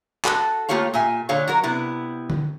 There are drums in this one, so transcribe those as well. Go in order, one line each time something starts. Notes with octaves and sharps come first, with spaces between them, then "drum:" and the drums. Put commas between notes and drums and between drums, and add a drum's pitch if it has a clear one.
F#4 A4, drum: clap
A3 A#3 F4 G4 C#5 F5
A#2 E5 G#5
A#2 D3 C#5 F5
F#3 F#4 A#4
C3 B3 E4
drum: tom D3